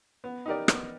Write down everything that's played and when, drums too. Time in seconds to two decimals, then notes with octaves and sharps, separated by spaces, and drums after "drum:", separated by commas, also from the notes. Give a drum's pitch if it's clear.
0.24 B3
0.46 D#4 G4 A#4 D5
0.68 B3, drum: rim click